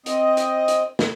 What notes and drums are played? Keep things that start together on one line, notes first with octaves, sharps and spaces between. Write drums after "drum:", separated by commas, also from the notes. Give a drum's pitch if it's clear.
C4 D#5, drum: hi-hat
drum: hi-hat
drum: hi-hat
drum: snare